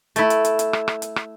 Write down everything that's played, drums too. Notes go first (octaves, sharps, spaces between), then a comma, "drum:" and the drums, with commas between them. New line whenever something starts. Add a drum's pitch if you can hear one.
A3 E4, drum: hi-hat
drum: hi-hat
drum: hi-hat
drum: hi-hat
drum: rim click
drum: rim click
drum: hi-hat
drum: rim click